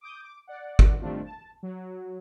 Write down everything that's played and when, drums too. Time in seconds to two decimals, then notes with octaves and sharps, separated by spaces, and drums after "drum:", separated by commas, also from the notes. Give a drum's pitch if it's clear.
0.01 D6 D#6 G6
0.23 D6
0.47 D5 F#5
0.79 drum: kick G1
1.01 D#3 G3 A3 C4 D4 F4
1.24 A5
1.63 F#3